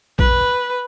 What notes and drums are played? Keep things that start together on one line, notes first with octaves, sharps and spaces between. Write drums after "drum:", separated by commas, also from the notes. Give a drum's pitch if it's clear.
B4, drum: kick A#1